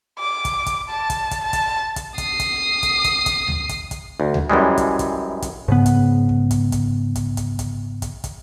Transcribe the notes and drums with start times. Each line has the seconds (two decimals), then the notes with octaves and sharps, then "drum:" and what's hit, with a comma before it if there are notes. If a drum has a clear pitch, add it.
0.19 D6
0.45 drum: kick, hi-hat
0.66 drum: kick, hi-hat
0.89 A5
1.10 drum: kick, hi-hat
1.31 drum: kick, hi-hat
1.44 A5
1.53 drum: kick, hi-hat
1.96 drum: kick, hi-hat
2.18 D#6 C7, drum: kick, hi-hat
2.40 drum: kick, hi-hat
2.83 drum: kick, hi-hat
3.04 drum: kick, hi-hat
3.26 drum: kick, hi-hat
3.48 drum: tom D2
3.69 drum: kick, hi-hat
3.91 drum: kick, hi-hat
4.20 D2
4.34 drum: tom D2
4.50 F#2 E3 G3 G#3
4.78 drum: kick, hi-hat
4.99 drum: kick, hi-hat
5.42 drum: kick, hi-hat
5.68 G#2 C#3 B3
5.86 drum: kick, hi-hat
6.29 drum: kick
6.51 drum: kick, hi-hat
6.72 drum: kick, hi-hat
7.15 drum: kick, hi-hat
7.37 drum: kick, hi-hat
7.59 drum: kick, hi-hat
8.02 drum: kick, hi-hat
8.24 drum: kick, hi-hat